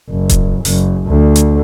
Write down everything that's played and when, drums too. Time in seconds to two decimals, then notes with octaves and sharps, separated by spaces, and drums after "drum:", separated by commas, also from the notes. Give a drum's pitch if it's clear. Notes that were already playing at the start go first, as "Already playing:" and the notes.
0.10 F#1
0.29 drum: kick D#1, hi-hat
0.65 F#1, drum: open hi-hat
1.07 D2
1.36 drum: hi-hat